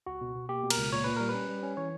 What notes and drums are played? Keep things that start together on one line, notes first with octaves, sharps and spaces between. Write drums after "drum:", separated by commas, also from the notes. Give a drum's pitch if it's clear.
C#2 F#4
B2
B2
A#3 G4
B2
A#4, drum: cymbal
C#2
A#2 C#5
A#2 B4
G3 A#4
B4
C#4
G3
C#4
E3 C#5